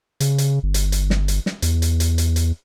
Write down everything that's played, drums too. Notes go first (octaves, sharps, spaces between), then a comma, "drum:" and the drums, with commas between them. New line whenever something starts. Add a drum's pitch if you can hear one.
C#3, drum: hi-hat
drum: hi-hat
G1
drum: hi-hat
drum: hi-hat
drum: snare
drum: hi-hat
drum: snare
E2, drum: hi-hat
drum: hi-hat
drum: hi-hat
drum: hi-hat
drum: hi-hat